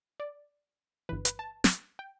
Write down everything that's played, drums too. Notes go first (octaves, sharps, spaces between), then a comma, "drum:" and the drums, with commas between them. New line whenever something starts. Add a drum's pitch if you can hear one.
D5
G1 G2 E3 B4
B4, drum: hi-hat
A5
drum: snare
G5